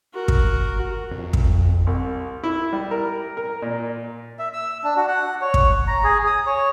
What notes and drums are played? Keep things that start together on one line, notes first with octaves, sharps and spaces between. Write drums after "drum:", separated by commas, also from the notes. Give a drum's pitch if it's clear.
F#4 A#4
drum: kick
F2
drum: kick
C2
E4
G3
A#4
A#4
A#2
E5
E6
D4
F#4
F#5
C#5
drum: kick
A#5
G#4
D#6
C#5